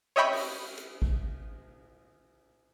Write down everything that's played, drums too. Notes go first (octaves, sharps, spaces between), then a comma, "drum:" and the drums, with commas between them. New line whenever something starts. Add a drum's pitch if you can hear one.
C#5 D#5 E5 G5 B5 C#6, drum: cymbal
drum: open hi-hat
drum: hi-hat
drum: kick G#1